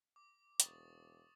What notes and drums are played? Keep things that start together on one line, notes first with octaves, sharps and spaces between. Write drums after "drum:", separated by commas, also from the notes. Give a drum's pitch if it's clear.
D6
E1 C#6 D#6 A6, drum: hi-hat